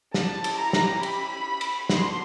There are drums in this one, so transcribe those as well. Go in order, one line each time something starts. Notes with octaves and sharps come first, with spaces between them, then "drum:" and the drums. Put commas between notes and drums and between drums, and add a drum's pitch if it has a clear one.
C#4 E4 G4 A5, drum: snare
drum: cymbal
A#5
drum: snare
B5, drum: cymbal
drum: cymbal
B3 D4 F#4 C6, drum: snare